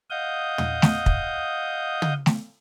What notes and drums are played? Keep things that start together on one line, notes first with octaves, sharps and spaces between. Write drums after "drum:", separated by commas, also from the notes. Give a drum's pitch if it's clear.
D#5 F5 F#5 D#6 G6
drum: tom
drum: snare A3
drum: kick
drum: tom
drum: snare A3